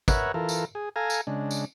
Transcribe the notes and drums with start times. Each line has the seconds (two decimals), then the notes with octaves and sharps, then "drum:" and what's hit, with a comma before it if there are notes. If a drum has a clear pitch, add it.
0.08 A#4 B4 C#5 E5 F#5, drum: kick, tambourine
0.34 E3 F4 A4 A#4
0.49 drum: tambourine
0.75 G#4
0.96 A4 F5 G#5 A#5
1.10 drum: tambourine
1.27 C#3 G#3 D4
1.51 drum: tambourine